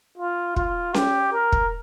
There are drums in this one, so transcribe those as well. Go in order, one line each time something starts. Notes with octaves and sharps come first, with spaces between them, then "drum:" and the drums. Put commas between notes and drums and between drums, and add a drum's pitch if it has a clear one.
F4
F4, drum: kick
G4, drum: snare C#4
A#4
drum: kick